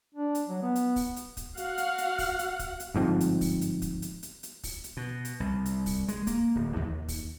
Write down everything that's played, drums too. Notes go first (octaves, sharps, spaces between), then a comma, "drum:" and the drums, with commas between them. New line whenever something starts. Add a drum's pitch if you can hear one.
D4
drum: hi-hat
F#3
B3
drum: hi-hat
drum: kick, open hi-hat
drum: hi-hat
drum: kick, hi-hat
F#4 F5 F#5, drum: hi-hat
drum: hi-hat
drum: hi-hat
drum: kick, open hi-hat
drum: hi-hat
drum: kick, hi-hat
drum: hi-hat
G1 G#2 F3 C4
drum: hi-hat
drum: kick, open hi-hat
drum: hi-hat
drum: kick, hi-hat
drum: hi-hat
drum: hi-hat
drum: hi-hat
drum: kick, open hi-hat
drum: hi-hat
B2
drum: hi-hat
C2
drum: hi-hat
drum: kick, open hi-hat
G#3, drum: hi-hat
A#3, drum: kick, hi-hat
D1
D#2
drum: kick, open hi-hat